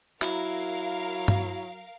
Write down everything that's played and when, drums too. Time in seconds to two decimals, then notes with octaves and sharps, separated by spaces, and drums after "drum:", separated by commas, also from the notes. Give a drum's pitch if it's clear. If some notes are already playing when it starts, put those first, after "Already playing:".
0.22 F#3 E4 A#4 F5, drum: clap
1.28 drum: tom G2